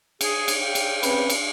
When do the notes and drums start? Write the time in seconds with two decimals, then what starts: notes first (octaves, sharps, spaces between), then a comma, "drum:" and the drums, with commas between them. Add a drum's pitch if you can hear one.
0.21 G#4, drum: cymbal
0.48 drum: cymbal
0.61 G#4 F5 G5
0.75 drum: cymbal
1.03 C4 C#4 B4, drum: cymbal
1.30 drum: cymbal